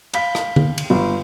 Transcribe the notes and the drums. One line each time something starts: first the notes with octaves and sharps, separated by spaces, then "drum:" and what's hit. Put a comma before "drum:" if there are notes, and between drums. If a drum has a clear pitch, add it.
F5 B5 B6, drum: cymbal
drum: rim click
drum: tom D3
drum: cymbal
G1